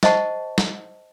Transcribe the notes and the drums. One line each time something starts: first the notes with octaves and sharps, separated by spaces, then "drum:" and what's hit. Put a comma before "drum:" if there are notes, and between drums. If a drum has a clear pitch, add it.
C5 D#5 F#5 A5 C#6, drum: snare
drum: snare